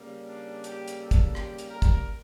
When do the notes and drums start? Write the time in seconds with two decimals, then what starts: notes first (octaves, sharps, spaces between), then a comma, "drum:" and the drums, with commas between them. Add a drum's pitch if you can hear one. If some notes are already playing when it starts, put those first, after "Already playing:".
Already playing: C#3 G3 A#3
0.28 D4
0.64 G4, drum: hi-hat
0.88 drum: hi-hat
0.99 A4
1.11 drum: kick, hi-hat
1.35 G4, drum: rim click
1.58 drum: hi-hat
1.70 A#4
1.82 drum: kick, hi-hat